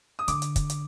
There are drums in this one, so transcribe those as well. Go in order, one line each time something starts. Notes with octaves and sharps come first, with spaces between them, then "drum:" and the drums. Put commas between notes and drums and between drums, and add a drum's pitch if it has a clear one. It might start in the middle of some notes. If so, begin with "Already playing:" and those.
D#6
D3 D6, drum: hi-hat
drum: hi-hat
drum: kick, hi-hat
drum: hi-hat